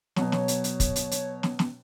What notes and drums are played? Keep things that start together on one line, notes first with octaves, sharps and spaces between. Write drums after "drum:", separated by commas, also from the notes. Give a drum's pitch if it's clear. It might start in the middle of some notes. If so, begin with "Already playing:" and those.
B2 F#3 C#5, drum: snare
drum: snare
drum: hi-hat
drum: hi-hat
drum: kick, hi-hat
drum: hi-hat
drum: hi-hat
drum: snare
drum: snare